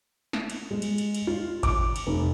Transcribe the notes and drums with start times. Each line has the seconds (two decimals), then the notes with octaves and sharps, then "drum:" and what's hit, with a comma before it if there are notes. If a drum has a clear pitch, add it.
0.33 drum: snare
0.50 drum: cymbal
0.71 G#3
0.82 drum: cymbal
0.98 drum: cymbal
1.15 drum: cymbal
1.27 F4
1.63 D6, drum: kick G#1, cymbal
1.96 drum: cymbal
2.07 F1